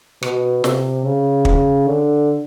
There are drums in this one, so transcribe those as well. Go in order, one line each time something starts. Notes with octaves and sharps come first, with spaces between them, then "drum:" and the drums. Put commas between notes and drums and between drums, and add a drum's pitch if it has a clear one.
B2, drum: rim click
C3, drum: snare
C#3
drum: kick
D3